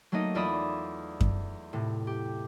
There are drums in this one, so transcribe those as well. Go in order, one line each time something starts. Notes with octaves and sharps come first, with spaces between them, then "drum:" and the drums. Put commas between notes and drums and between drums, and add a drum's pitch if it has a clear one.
F#3 A3 A#3 D#4 D#5
E2 F4 D5 E5 B5 D#6
drum: kick F#2
A2 C3
G4